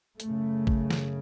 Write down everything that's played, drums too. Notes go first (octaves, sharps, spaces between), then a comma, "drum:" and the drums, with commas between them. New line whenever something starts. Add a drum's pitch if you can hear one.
F#2 C#3 A3, drum: hi-hat
drum: kick A1
drum: snare